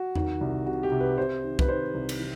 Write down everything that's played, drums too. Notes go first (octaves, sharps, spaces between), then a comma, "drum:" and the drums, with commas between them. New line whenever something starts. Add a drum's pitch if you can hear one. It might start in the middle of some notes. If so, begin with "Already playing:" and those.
Already playing: F#4
D#3, drum: tom E2
C2
C3 F#4
G4
C3
B4
C3 C5
D#3
B4, drum: kick C2
D#3 C5
C2
drum: cymbal
E3